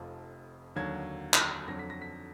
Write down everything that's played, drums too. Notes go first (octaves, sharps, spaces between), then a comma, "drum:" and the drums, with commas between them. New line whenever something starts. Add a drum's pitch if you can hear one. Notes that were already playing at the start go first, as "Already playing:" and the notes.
Already playing: F1 F2 F3
D#2 D3 F#3 G#6
drum: clap
F2 D3 F#3 A#6
B6
A#6
B6